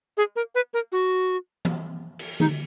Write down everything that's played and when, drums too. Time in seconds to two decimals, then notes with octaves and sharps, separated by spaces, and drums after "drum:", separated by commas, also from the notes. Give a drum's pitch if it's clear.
0.17 G#4
0.36 A#4
0.55 B4
0.74 A#4
0.92 F#4
1.65 drum: tom E3
2.19 drum: cymbal
2.40 D#4, drum: tom D3